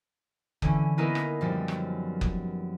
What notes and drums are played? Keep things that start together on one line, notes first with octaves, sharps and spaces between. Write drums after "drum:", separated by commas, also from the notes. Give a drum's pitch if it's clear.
D3 E3 C#4, drum: kick F#1
A#3 B3 D#4 E4 A#4 B4
drum: rim click
F#2 F3 G3
drum: rim click
drum: kick F#1